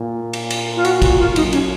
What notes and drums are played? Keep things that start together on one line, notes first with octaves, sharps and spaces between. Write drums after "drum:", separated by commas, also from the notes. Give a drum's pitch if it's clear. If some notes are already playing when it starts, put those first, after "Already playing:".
Already playing: A#2
drum: cymbal
drum: cymbal
F4
F#4, drum: cymbal
F#4, drum: kick, cymbal
F4
F#2 D#4, drum: cymbal
C#4, drum: cymbal